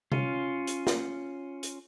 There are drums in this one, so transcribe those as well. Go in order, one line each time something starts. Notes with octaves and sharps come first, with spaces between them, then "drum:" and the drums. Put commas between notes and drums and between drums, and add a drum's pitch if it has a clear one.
C#4 F4, drum: tom C3
drum: hi-hat
drum: snare
drum: hi-hat